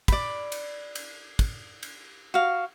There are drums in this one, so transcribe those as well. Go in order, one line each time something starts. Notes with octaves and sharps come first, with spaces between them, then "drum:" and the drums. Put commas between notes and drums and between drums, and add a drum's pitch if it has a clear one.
D5 B5, drum: kick, cymbal
drum: cymbal
drum: cymbal
drum: kick, cymbal
drum: cymbal
F#4 F5